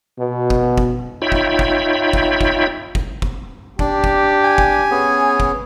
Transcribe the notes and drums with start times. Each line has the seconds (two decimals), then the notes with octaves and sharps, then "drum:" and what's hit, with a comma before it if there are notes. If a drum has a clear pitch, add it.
0.18 B2
0.50 drum: kick
0.78 drum: kick
1.22 D#4 F4 C#5 E5 G5 B5
1.32 drum: kick
1.59 drum: kick
2.13 drum: kick
2.41 drum: kick
2.95 drum: kick
3.22 drum: kick
3.79 D4 G4, drum: kick
4.04 drum: kick
4.45 G#5
4.58 drum: kick
4.91 B3 C#4 G#4
5.40 drum: kick